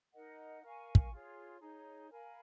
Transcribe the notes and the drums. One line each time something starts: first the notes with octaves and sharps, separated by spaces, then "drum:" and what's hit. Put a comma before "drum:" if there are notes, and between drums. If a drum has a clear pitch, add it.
D#4 A#4 D#5 F#5
A#4 F5 G#5 C#6
drum: kick
F4 G#4 C#5
D#4 G#4 C#5
A#4 F5 G#5 B5